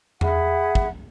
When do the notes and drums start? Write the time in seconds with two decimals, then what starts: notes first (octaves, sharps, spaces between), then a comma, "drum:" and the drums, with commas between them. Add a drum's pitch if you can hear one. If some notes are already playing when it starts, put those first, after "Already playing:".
0.21 G#4 E5 F#5 B5, drum: tom E2
0.75 drum: kick